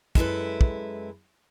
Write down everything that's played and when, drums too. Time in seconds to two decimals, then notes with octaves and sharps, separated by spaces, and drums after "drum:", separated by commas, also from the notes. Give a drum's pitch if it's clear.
0.15 F#2 G#3 E4 A4 B4, drum: kick
0.61 drum: kick